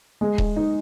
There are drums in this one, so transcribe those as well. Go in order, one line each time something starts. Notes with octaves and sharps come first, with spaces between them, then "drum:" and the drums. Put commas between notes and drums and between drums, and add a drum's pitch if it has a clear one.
G#3
drum: kick D#1
D#4